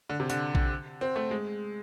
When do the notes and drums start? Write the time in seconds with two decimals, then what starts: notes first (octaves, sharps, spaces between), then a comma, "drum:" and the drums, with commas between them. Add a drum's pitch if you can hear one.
0.09 D3
0.20 C3
0.30 D3, drum: hi-hat
0.55 drum: kick
1.01 C4
1.16 A3
1.31 G#3